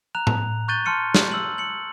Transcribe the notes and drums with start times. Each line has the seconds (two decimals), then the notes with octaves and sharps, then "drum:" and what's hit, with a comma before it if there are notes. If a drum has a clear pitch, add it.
0.15 A#5 F#6 F7
0.27 drum: tom A2
0.68 C#6 F#6 G6 A6 D#7 G7
0.85 A5 C6 F6 C#7 D#7
1.15 drum: snare
1.32 E6 F#7
1.58 C#7 F#7